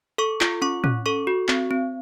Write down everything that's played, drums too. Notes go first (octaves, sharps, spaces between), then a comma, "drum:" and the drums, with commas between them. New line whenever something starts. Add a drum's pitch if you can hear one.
A4 C#6
F4, drum: clap
C#4 C#6
C#4, drum: tom
A4 C#6
F#4
C4, drum: clap
C4